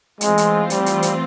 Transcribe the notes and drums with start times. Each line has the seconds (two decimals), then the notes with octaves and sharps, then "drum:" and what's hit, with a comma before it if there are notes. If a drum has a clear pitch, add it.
0.21 E3 G#3 A3 C4 F4, drum: hi-hat
0.38 drum: hi-hat
0.70 G3, drum: hi-hat
0.86 drum: hi-hat
1.02 drum: hi-hat